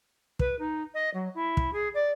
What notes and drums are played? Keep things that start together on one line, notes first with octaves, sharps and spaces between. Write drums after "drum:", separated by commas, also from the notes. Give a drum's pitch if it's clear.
B4, drum: kick
D#4
D#5
F#3
E4
drum: kick
G#4
D5